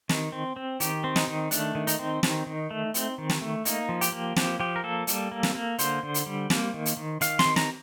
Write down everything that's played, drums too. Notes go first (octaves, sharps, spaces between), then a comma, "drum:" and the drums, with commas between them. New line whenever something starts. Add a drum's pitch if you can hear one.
D#3, drum: snare
C4
C4
D#3 G4, drum: hi-hat
C4
D#4, drum: snare
D#3
A3 D4, drum: hi-hat
D#3
D#4, drum: hi-hat
C4
D#3, drum: snare
D#3
A3
C4, drum: hi-hat
D#3
drum: snare
A3
A#3 D#4, drum: hi-hat
F3
G4, drum: hi-hat
A#3
F3 G4, drum: snare
F3 G4
A#4
A#3 A4
G3, drum: hi-hat
A#3
drum: snare
A#3
D3 C5, drum: hi-hat
D3
drum: hi-hat
G3
A#3, drum: snare
D#3
drum: hi-hat
D#3
D#3 F5, drum: hi-hat
C6, drum: snare
D#3
A#5, drum: snare